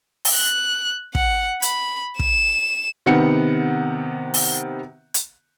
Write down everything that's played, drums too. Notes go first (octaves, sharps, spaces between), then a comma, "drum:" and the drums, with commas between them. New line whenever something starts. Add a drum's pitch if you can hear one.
drum: open hi-hat
F#6
F#5, drum: kick
B5, drum: hi-hat
E7, drum: kick
C3 D#3 B3 F#5 C#7
drum: open hi-hat
drum: hi-hat